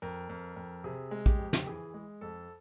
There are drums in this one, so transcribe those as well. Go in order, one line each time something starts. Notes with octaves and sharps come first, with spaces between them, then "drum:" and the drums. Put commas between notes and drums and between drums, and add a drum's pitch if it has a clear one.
F2 A#4
F2
F2
C3 G#4
G#3
G4, drum: kick A#1
F2
drum: snare
E3 G#4
G#3
F2 A4